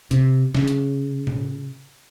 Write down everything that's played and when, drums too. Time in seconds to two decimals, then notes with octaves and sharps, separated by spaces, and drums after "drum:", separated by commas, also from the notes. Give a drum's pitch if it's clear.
0.11 C3, drum: hi-hat
0.54 C#3, drum: snare
0.68 drum: hi-hat
1.27 drum: tom A2